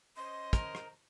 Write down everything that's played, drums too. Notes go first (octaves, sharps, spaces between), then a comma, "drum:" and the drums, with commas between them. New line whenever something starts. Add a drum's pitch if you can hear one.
C#4 C5 D#5 C6
A#4, drum: kick, hi-hat
drum: rim click